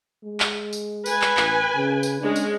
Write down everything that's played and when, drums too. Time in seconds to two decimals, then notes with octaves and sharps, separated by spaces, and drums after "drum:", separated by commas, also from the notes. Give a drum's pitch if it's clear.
0.24 G#3
0.40 drum: clap
0.73 drum: tambourine
1.06 B4 G#5, drum: tambourine
1.22 drum: clap
1.37 A1, drum: clap
1.76 C#3
2.03 drum: tambourine
2.21 G#3 C#4 D4
2.36 drum: tambourine